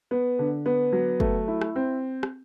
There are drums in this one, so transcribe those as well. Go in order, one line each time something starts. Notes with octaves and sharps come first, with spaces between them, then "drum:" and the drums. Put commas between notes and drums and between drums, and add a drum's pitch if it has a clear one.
B3
D3
B3
F#3
A3, drum: kick
E4
drum: rim click
C4
drum: rim click